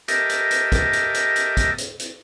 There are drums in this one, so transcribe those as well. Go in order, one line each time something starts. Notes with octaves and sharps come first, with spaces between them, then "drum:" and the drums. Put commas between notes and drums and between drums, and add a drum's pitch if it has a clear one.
G4 A4 A#4 D#5 E5, drum: hi-hat
drum: hi-hat
drum: hi-hat
drum: kick, hi-hat
drum: hi-hat
drum: hi-hat
drum: hi-hat
drum: kick, hi-hat
drum: hi-hat
drum: hi-hat